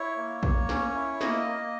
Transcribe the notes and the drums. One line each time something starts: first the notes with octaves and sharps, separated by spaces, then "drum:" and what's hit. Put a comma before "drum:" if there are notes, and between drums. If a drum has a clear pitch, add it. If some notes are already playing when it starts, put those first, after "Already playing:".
Already playing: E4 C#5
A#3
A#3, drum: kick
C#4, drum: snare
E4
A#3 D#5, drum: snare
A#3